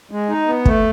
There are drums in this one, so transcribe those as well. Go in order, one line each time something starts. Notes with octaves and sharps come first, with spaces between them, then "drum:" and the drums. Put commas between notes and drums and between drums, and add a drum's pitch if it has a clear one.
G#3
D#4
B3
A3, drum: kick